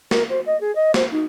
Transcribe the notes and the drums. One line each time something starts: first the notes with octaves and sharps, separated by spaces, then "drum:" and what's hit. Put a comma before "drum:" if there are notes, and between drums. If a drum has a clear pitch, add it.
A#4, drum: snare
C5
D#5
G#4
D#5
C5, drum: snare
D#4